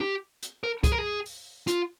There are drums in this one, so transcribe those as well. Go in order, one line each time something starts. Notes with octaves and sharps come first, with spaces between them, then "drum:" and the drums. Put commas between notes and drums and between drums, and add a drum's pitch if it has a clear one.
G4
drum: hi-hat
A#4
G#4, drum: kick, hi-hat
A#4
G#4
drum: open hi-hat
F4, drum: hi-hat